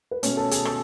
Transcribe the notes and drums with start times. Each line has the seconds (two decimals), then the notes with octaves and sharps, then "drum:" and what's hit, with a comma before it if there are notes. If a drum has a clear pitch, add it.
0.11 B4
0.23 B2 A3 C#4 C#5, drum: hi-hat
0.37 A4 A5
0.51 G#4 G#5, drum: hi-hat
0.65 A4 A5, drum: rim click